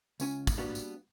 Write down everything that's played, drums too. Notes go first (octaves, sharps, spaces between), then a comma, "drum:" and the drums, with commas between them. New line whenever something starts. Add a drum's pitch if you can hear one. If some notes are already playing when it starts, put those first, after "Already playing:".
C#2 C#4 G#5, drum: tambourine
drum: kick, tambourine
G3 A#3 B3 D4 F#4
drum: tambourine